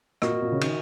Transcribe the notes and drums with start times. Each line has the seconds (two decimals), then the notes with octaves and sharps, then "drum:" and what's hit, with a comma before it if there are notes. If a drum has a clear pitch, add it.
0.22 A#2 F#4 A#4 D#5, drum: rim click
0.32 A#2
0.42 A#2
0.52 C#3
0.61 D#3, drum: cymbal